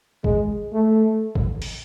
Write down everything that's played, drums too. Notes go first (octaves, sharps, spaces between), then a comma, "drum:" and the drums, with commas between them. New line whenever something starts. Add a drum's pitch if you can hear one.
G#3, drum: kick
A3
drum: kick
drum: open hi-hat